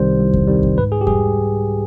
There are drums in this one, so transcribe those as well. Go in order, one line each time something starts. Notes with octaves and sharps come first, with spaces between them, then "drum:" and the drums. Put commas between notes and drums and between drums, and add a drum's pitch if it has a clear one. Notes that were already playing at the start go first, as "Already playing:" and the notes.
Already playing: C2 C3 D#3 G3 C5
C2
drum: kick E2
C3 D#3 G3
drum: kick E2
G#2 B4
G#4
G4
G3 G#4, drum: kick E2